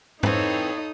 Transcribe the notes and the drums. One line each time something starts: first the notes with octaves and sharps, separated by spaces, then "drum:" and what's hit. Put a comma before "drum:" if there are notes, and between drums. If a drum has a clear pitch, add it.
E3 C4 D#4 A4 C#5 F5 B5 D#6, drum: tom G#2